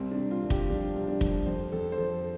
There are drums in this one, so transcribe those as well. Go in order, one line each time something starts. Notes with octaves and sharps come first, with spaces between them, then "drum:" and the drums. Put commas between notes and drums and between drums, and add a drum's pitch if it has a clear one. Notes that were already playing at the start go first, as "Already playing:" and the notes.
Already playing: C2 C4
D4
C2
F4
C2
G4, drum: kick
F3 D4
C2
D4
F3, drum: kick
F2 C5
F2 A4
C5
F3 A4